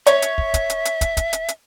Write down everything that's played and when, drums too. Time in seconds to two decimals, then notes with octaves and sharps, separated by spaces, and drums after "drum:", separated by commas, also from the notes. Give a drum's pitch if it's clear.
0.06 C#5 E5, drum: hi-hat
0.22 drum: hi-hat
0.38 drum: kick
0.54 drum: kick, hi-hat
0.70 drum: hi-hat
0.85 drum: hi-hat
1.01 drum: kick, hi-hat
1.17 drum: kick, hi-hat
1.33 drum: hi-hat
1.48 drum: hi-hat